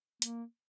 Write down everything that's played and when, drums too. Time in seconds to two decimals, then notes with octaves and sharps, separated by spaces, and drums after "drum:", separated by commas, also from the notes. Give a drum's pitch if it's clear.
0.22 A#3, drum: hi-hat